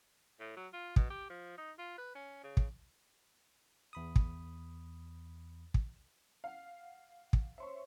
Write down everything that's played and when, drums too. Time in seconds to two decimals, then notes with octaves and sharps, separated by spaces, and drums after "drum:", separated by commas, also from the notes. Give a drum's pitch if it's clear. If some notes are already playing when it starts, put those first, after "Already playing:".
0.40 A2
0.57 F#3
0.73 F4
0.96 B2, drum: kick
1.10 G4
1.30 F3
1.58 D#4
1.79 F4
1.98 B4
2.15 C#4
2.44 C#3
2.57 drum: kick
3.93 E2 B5 D#6
4.16 drum: kick
5.74 drum: kick
6.44 F5 F#5
7.33 drum: kick
7.58 C5 C#5 E5 C6 C#6